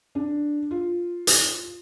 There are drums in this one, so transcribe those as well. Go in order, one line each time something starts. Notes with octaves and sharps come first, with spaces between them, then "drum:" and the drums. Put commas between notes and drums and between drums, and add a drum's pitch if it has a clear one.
D4
F4
drum: hi-hat